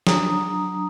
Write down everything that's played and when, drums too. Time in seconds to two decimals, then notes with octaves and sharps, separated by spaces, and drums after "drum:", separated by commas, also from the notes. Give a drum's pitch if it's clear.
0.07 F#3 D4 A#5 D#6, drum: snare